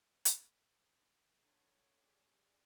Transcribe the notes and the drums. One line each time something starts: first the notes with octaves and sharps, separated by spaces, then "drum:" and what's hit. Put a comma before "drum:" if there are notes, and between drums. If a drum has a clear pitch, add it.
drum: hi-hat
D3 C#5
G4 G#4 D5